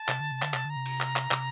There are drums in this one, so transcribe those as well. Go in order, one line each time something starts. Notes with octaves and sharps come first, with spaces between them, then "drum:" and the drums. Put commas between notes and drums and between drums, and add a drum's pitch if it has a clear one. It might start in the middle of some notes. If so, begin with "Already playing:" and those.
Already playing: A5
C3, drum: clap
D3
C3
D3, drum: clap
C3, drum: clap
D3 A#5
C3
drum: cymbal
drum: clap
drum: clap
C3, drum: clap